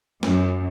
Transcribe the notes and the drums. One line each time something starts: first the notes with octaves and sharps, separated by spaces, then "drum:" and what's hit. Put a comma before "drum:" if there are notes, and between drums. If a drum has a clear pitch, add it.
F#2, drum: snare